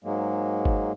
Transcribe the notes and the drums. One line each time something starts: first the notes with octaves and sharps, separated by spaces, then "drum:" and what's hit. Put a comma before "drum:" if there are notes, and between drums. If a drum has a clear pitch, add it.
G#2 F#3 G#3 A#3
drum: kick G1